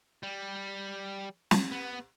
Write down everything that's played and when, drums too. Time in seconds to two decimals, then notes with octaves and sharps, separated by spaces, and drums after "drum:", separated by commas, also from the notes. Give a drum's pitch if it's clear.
0.23 G3
1.51 drum: snare
1.72 B3